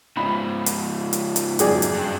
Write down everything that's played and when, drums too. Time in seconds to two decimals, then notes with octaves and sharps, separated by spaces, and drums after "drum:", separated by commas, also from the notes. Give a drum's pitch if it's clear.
0.17 G#2 C#3 B5
0.66 drum: hi-hat
1.13 drum: hi-hat
1.36 drum: hi-hat
1.59 F#2 G#4 D5, drum: hi-hat
1.82 drum: hi-hat
1.96 G2